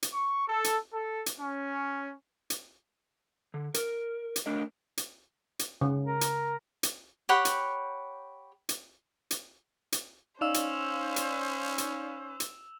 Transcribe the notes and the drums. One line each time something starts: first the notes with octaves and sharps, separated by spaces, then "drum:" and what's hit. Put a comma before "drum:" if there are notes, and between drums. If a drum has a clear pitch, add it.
drum: hi-hat
C#6
A4
drum: hi-hat
A4
drum: hi-hat
C#4
drum: hi-hat
D3
A#4, drum: hi-hat
drum: hi-hat
A3 D4 A#4 D#5
drum: hi-hat
drum: hi-hat
C#3
A#4
drum: hi-hat
drum: hi-hat
G4 C#5 F#5 B5
drum: hi-hat
drum: hi-hat
drum: hi-hat
drum: hi-hat
C#4 D#4 C5 D5 F5 E6 E7 F7
drum: hi-hat
drum: hi-hat
drum: hi-hat
drum: hi-hat